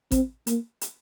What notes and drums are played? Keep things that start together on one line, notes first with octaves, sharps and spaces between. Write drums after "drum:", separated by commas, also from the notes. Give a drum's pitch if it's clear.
C4, drum: kick, hi-hat
A#3, drum: hi-hat
drum: hi-hat